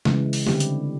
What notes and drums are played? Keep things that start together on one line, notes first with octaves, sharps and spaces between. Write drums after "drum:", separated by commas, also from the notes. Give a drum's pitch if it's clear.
C#3 E3 G#3, drum: snare
drum: open hi-hat
D3 G3 C4 E4 G4, drum: snare
drum: hi-hat